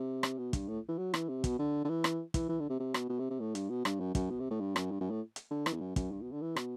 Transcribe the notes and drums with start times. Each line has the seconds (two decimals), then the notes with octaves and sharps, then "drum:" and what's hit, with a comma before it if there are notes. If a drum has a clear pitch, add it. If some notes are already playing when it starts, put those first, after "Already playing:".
Already playing: C3
0.23 drum: rim click
0.38 B2
0.53 G2, drum: kick, hi-hat
0.68 A2
0.89 E3
0.98 F#3
1.14 E3, drum: rim click
1.29 C3
1.44 B2, drum: kick, hi-hat
1.59 D3
1.85 D3
1.89 E3
2.04 drum: rim click
2.34 E3, drum: kick, hi-hat
2.49 E3
2.60 D3
2.70 C3
2.80 C3
2.94 B2, drum: rim click
3.09 B2
3.20 C3
3.30 C3
3.40 A2
3.55 G2, drum: hi-hat
3.70 B2
3.85 G2, drum: rim click
4.00 F#2
4.15 F#2, drum: kick, hi-hat
4.30 B2
4.40 C3
4.51 A2
4.60 G2
4.76 F#2, drum: rim click
4.91 G2
5.01 F#2
5.11 A2
5.36 drum: hi-hat
5.51 D3
5.66 E3, drum: rim click
5.73 E2
5.81 F#2
5.96 F#2, drum: kick, hi-hat
6.11 G2
6.22 B2
6.32 D3
6.42 E3
6.56 B2, drum: rim click